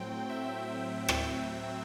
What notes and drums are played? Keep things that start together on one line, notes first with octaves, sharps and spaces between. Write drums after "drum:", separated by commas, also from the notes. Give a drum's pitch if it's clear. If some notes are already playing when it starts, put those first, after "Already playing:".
Already playing: A2 F#3 C4 G5
E5
drum: rim click